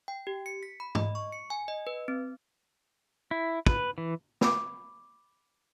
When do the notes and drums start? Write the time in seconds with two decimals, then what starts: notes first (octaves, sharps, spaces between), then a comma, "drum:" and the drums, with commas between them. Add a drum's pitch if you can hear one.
0.08 G5
0.27 G4
0.46 C#7
0.63 B6
0.80 B5
0.95 D#5, drum: tom G#2
1.15 C#6
1.32 C#7
1.50 G#5
1.68 D#5
1.87 B4
2.08 C4
3.31 E4
3.66 B4, drum: kick
3.98 E3
4.41 B5 D6, drum: snare